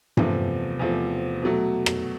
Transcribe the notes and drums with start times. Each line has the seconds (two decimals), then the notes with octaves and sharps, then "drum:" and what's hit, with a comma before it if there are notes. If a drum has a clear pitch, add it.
0.17 E2 C3 F3 A3, drum: tom G2
0.79 E2 C3 F3 A3
1.42 B2 F#3 A3
1.86 drum: rim click